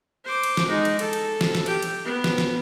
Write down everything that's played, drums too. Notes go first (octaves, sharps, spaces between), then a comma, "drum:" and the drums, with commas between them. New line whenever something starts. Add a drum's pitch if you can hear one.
C5 D6
drum: cymbal
drum: snare
G#3 D#4
drum: cymbal
A4, drum: cymbal
drum: cymbal
drum: snare
drum: snare
G4 G5, drum: cymbal
drum: cymbal
B3
drum: snare
drum: snare